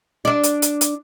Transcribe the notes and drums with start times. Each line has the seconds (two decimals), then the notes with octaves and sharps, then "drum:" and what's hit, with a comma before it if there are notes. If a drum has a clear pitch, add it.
0.25 D4 D5
0.44 drum: hi-hat
0.62 drum: hi-hat
0.81 drum: hi-hat